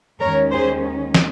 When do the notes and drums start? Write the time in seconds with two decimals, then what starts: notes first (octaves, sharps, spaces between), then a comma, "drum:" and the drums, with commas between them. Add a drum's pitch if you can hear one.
0.21 D#2 D#3 G#3 C#4 A#4 C#5
0.52 G#4 C5
1.14 drum: snare